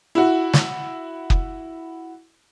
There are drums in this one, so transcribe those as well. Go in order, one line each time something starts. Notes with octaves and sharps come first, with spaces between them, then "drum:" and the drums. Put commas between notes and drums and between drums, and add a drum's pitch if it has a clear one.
E4 F#4
drum: snare
drum: kick